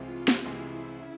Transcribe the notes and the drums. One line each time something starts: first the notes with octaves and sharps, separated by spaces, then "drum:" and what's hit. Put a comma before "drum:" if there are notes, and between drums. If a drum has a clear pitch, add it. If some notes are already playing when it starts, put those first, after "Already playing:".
Already playing: C2 C3 E3 G#3 C4 F4
drum: snare
C2 C3 E3 G#3 C4 E4
C#3